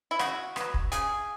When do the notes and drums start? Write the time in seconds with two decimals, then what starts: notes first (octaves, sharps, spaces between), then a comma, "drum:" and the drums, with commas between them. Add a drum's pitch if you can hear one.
0.11 E4
0.19 C#3 F#4, drum: rim click
0.56 F#3 B3, drum: rim click
0.74 drum: kick
0.92 C#3 G#4, drum: hi-hat